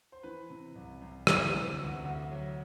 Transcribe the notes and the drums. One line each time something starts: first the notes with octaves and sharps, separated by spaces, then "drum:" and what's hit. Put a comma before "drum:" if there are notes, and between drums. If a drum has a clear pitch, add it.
C5
E3 B4
C3
C2
C2
E3, drum: rim click
C3
D2 F#4
D2
F#3